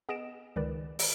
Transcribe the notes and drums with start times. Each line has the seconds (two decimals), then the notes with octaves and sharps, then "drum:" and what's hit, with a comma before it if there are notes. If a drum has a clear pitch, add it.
0.09 B3 G#4 D#5 D7 E7
0.56 C#2 D#3 B4 D5
0.99 drum: open hi-hat